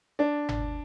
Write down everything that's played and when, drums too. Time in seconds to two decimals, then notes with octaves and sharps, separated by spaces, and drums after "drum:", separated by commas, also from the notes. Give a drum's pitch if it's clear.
0.19 D4
0.49 drum: tom G1